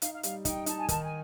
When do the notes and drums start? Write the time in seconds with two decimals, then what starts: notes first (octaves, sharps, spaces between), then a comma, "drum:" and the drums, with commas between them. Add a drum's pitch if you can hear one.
0.02 D#4 F5, drum: hi-hat
0.13 F5
0.23 G3 F5, drum: hi-hat
0.45 D#4 G5, drum: kick, hi-hat
0.66 D#4 A5, drum: hi-hat
0.80 G#5
0.89 D#3 A5, drum: kick, hi-hat
1.03 G#5